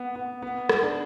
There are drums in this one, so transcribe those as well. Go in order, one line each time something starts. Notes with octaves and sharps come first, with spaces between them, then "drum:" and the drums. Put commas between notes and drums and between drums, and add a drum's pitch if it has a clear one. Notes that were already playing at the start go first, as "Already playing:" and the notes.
Already playing: B3
B3
B3
drum: rim click
D4